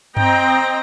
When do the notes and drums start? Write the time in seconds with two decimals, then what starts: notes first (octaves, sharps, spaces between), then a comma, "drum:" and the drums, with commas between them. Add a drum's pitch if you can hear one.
0.17 C4 D#5 G5 A#5, drum: tom G2